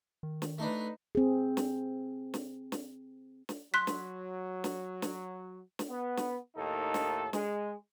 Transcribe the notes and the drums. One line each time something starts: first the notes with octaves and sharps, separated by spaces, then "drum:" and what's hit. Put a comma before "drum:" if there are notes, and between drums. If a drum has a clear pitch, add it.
D#3
drum: snare
A3 D4 D#4 B4
C4 G#4
drum: snare
drum: snare
drum: snare
drum: snare
F#3 C6 F#6 B6
drum: snare
drum: snare
drum: snare
drum: snare
B3
drum: snare
D#2 A2 D#3 D#4 A4
drum: snare
G#3, drum: snare